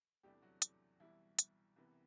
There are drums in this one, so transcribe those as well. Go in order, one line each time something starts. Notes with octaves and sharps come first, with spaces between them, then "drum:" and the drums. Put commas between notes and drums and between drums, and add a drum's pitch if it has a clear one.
E2 C3 E3 G3 A3 D4 G4
F#3 F#4
drum: hi-hat
C2 B2 E3 G3 C4 E4
drum: hi-hat
C2 C3 E3 B3